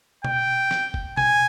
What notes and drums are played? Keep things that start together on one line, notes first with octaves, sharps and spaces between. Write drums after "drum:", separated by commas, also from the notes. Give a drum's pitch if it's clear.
G5, drum: tom B2
drum: snare
drum: kick
G#5, drum: tom B2